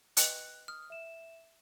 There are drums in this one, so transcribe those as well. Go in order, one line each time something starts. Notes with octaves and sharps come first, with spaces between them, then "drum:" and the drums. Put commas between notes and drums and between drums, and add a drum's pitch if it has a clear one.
B4 D#5 G5 F#6, drum: hi-hat
D#6 F6
E5 E7